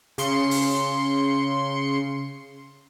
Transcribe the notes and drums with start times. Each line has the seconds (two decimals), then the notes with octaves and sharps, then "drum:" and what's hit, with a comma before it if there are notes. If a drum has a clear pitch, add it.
0.18 C#3 C6 C#7, drum: hi-hat
0.51 drum: open hi-hat